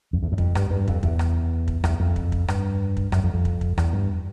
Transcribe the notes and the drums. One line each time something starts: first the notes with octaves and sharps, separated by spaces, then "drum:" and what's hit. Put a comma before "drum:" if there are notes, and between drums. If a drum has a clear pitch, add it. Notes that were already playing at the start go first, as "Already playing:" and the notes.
F2
E2
F#2
F2, drum: kick
G2, drum: rim click
G2
F2, drum: kick
E2, drum: kick
drum: rim click
drum: kick
E2, drum: rim click
F2
drum: kick
drum: kick
G2, drum: rim click
drum: kick
F#2, drum: rim click
F2
F2
drum: kick
drum: kick
E2, drum: rim click
G2